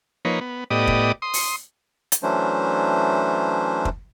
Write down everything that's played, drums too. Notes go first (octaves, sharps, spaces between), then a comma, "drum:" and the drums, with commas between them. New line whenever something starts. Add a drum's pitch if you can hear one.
F3 A#3 D#4 B4 C#5
B3
A2 B3 G4 D5 D#5 D#6
drum: kick
C6 D#6
drum: open hi-hat
drum: hi-hat
E3 F#3 A3 C#4 D4 C5
drum: kick